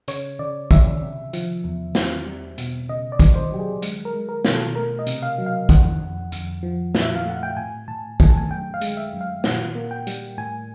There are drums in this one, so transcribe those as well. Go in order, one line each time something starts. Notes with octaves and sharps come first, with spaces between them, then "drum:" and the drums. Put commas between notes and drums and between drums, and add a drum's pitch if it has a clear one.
C#3 C#5, drum: hi-hat
C#3 D5
C#3 E5, drum: kick, hi-hat
C3
F3, drum: hi-hat
E2
C4, drum: snare
G3
B2, drum: hi-hat
C#3 D#5
D5
C#3, drum: kick, hi-hat
C5
F#3 G4
G#4
G#3, drum: hi-hat
A#4
G#3
A#4
B2, drum: snare
A4
A3 A#4
D#5
C3, drum: hi-hat
F5
F#3
F5
F2 F#5, drum: kick, hi-hat
F2
F2, drum: hi-hat
F3
A#2, drum: snare
E5
F5
A3 F#5
G5
A2 G#5
A2 A5
A3 G#5, drum: kick, hi-hat
A5
G#5
F#2 G5
F5
G#3, drum: hi-hat
E5
F#2
F5
A#2 F#5, drum: snare
A#3
G5
G3, drum: hi-hat
A2 G#5